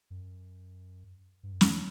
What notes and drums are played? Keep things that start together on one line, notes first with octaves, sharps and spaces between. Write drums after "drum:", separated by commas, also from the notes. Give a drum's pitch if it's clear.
F#2
G2
F#2
E2, drum: snare